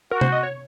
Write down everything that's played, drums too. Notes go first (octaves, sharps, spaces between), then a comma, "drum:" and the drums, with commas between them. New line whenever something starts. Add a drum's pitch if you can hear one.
F#4 A#4
C5, drum: tom C3
D#5
C#5